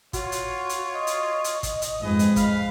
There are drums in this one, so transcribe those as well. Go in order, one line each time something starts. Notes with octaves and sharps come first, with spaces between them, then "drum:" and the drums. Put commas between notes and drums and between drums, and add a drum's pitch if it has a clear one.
F4 F#4 C#5, drum: kick, hi-hat
drum: hi-hat
drum: hi-hat
D#5
drum: hi-hat
drum: hi-hat
drum: kick, hi-hat
drum: hi-hat
F2 G#2 G#3 G#4 B4 D#5
drum: hi-hat
F5 B5, drum: kick, hi-hat